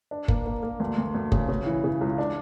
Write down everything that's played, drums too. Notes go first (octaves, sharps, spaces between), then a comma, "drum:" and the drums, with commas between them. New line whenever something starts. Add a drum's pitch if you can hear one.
D4
A#3, drum: kick F#1
A#3
A#3
D2
D2
D2
C#3, drum: kick F#1
C#3
E3
C#3
C#2
D4